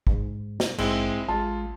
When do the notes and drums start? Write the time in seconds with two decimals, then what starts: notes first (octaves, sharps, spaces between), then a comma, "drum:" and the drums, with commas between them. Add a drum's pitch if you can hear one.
0.07 G#2, drum: kick
0.60 drum: snare
0.78 A#1 G#2 G#3 C4 E4, drum: cymbal
1.29 A1 G#3 F4 A5